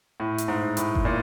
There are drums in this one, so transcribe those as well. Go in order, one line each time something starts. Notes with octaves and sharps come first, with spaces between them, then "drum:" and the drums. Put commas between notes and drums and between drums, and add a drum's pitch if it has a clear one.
A2
drum: hi-hat
G#2
A2, drum: hi-hat
drum: kick G1
A#2